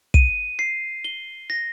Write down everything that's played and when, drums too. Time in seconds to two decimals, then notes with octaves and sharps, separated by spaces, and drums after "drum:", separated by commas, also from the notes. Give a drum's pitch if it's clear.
0.14 D#7, drum: kick
0.59 C7
1.04 G7
1.50 A#6